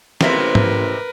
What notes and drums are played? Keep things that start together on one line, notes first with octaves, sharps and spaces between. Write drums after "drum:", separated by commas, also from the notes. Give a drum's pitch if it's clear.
A1 C3 G#3 A#3 C4 A#4 B4 E5, drum: snare
drum: tom G#2